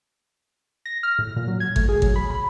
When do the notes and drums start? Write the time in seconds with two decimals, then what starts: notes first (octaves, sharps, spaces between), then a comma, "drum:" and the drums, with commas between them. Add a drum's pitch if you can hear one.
0.85 A#6
1.03 F6
1.19 A2
1.36 A#2
1.48 F#3
1.60 G#6
1.76 A3, drum: kick G#1
1.89 G#4
2.02 F#3, drum: kick G#1
2.16 B5
2.31 B5